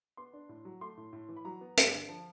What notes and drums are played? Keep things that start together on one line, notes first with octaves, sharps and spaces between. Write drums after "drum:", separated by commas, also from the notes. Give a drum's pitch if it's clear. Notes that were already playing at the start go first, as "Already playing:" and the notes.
B3 C6
D4
A2
F#3
A3 C6
A2
A2
E3
B5
F#3 A#5
B3
G2, drum: hi-hat
D3
F3 A5